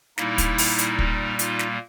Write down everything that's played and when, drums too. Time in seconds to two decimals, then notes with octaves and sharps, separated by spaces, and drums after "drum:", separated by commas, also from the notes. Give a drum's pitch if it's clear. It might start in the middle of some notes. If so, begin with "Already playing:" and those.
0.18 A#2 G3 A#3 D#4 E4, drum: snare
0.38 drum: kick, hi-hat
0.58 drum: open hi-hat
0.78 drum: hi-hat
0.99 drum: kick
1.39 D#4 F4, drum: hi-hat
1.59 drum: snare